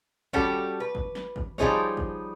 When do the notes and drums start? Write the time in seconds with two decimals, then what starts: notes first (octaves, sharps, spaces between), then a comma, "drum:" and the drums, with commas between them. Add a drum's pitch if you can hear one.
0.33 G3 C#4 F#4 G4 A4, drum: kick
0.80 B4
0.95 drum: kick
1.15 drum: snare
1.36 drum: kick
1.58 F3 G3 D#4 G#4 C5 C#5, drum: kick
1.97 drum: kick